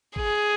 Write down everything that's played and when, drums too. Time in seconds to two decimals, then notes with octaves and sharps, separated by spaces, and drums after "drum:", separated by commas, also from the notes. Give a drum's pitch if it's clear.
0.16 G#4, drum: kick